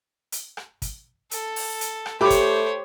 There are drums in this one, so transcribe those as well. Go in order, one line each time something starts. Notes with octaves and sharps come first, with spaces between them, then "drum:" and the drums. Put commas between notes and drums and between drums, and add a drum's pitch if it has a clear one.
drum: hi-hat
drum: rim click
drum: kick, hi-hat
A4, drum: hi-hat
drum: open hi-hat
drum: hi-hat
drum: rim click
A3 G4 C5 C#5 B5 D6
drum: kick, hi-hat